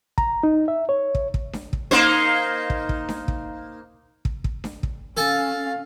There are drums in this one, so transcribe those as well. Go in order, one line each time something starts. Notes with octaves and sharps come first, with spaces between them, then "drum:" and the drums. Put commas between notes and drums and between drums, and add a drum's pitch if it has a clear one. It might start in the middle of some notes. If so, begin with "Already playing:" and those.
A#5, drum: kick
D#4
E5
C#5
drum: kick
drum: kick
drum: snare D4
drum: kick
A#3 D#4 C5
drum: kick
drum: kick
drum: snare D4
drum: kick
drum: kick
drum: kick
drum: snare D4
drum: kick
C#4 A4 F5 G#5 A5